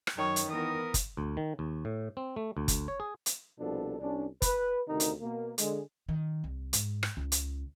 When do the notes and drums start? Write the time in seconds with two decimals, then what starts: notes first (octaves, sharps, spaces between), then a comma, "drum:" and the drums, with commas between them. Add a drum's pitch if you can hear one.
0.07 drum: rim click
0.18 F#2 D#3 C#5
0.36 drum: hi-hat
0.50 E3 B3 A#4 D#6
0.94 drum: kick, hi-hat
1.17 D2
1.37 D#3
1.59 D#2
1.85 A2
2.17 C4
2.36 A3
2.57 D2
2.68 drum: kick, hi-hat
2.88 C#5
3.00 G#4
3.26 drum: hi-hat
3.60 C2 B2 F3 D4 A4
4.00 C2 C#4 D4
4.42 B4, drum: kick, hi-hat
4.88 D2 C3 D#3 D#4 A#4
5.00 drum: hi-hat
5.20 B2 A#3
5.58 D3 G#3, drum: hi-hat
6.09 D#3
6.44 C2
6.73 G#2, drum: hi-hat
7.03 drum: rim click
7.17 C#2
7.32 drum: hi-hat